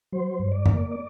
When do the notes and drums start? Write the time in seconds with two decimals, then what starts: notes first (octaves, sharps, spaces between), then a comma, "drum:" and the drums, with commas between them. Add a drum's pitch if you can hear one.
0.12 F#3 C5
0.39 G2
0.52 D5
0.66 A#3, drum: tom F2
0.91 D5